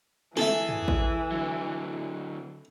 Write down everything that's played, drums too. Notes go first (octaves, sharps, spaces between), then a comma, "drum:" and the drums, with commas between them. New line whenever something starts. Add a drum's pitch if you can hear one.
E3 G#4 A4 E5, drum: snare
drum: tom
drum: kick
D3 F#3